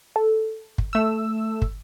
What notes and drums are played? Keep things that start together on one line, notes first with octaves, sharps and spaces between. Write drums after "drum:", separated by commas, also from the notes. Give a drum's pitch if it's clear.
A4
drum: kick
A3 E6
drum: kick